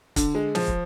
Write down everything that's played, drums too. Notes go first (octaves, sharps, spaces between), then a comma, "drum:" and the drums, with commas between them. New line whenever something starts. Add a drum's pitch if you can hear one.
D3, drum: kick, hi-hat
G#3
F3, drum: snare
drum: kick